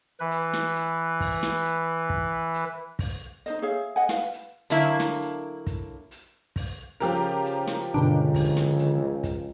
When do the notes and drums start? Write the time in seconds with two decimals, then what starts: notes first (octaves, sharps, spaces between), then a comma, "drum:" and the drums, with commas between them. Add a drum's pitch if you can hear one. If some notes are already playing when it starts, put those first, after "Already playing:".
0.20 E3 B4
0.31 drum: hi-hat
0.53 drum: snare
0.76 drum: hi-hat
1.20 drum: kick, open hi-hat
1.43 drum: snare
1.65 drum: hi-hat
2.10 drum: kick
2.54 drum: hi-hat
2.99 drum: kick, open hi-hat
3.46 D#4 C5 D#5, drum: hi-hat
3.62 G#4 C#5 E5 F5
3.96 D#5 F#5 G#5
4.09 B4 F5, drum: snare
4.33 drum: hi-hat
4.70 D3 F#3 A#3 E4
5.00 drum: snare
5.22 drum: hi-hat
5.67 drum: kick, hi-hat
6.11 drum: hi-hat
6.56 drum: kick, open hi-hat
7.00 C#3 F3 G4 A#4, drum: hi-hat
7.45 drum: hi-hat
7.67 drum: snare
7.94 C#2 G2 B2 D3 D4
8.34 drum: kick, open hi-hat
8.57 drum: snare
8.79 drum: hi-hat
9.23 drum: kick, hi-hat